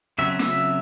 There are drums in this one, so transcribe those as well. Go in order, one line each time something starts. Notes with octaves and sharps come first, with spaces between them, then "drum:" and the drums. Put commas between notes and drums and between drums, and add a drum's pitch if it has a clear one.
C#3 F#3 C4 E5
E5, drum: snare